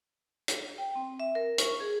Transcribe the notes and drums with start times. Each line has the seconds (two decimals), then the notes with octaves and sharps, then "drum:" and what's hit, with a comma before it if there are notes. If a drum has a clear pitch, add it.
0.48 drum: hi-hat
0.78 G5
0.96 C4
1.20 E5
1.35 A#4
1.58 C#6, drum: hi-hat
1.80 G#4